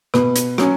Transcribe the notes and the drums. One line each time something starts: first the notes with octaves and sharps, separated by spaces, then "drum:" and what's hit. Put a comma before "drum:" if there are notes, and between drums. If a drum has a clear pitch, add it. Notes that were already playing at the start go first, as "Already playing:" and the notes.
B2 B4, drum: rim click
drum: hi-hat
F#3 C#4, drum: rim click